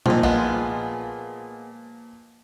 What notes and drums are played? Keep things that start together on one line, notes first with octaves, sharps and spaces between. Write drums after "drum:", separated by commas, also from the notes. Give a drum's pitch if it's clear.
A#2 F3 C4 D#4, drum: tom A#2
G#3 B3 F4, drum: kick